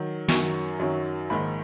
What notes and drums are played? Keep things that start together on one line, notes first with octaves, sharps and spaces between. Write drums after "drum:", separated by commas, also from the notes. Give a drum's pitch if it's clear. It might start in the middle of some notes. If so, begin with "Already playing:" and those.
Already playing: D#3 F#3
F#2 D#3 F#3 C#6, drum: snare
F#2 D#3 F#3
A#1 G#2 D#3 B5